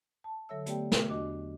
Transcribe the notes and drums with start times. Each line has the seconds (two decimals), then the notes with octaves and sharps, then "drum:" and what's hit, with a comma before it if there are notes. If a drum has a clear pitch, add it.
0.24 A5
0.49 D3 F#3 A4 C#5 E5 E6
0.66 A3 B3 G4 D5 G5, drum: hi-hat
0.92 drum: snare
1.09 E2 D4 F#4 D#5 D6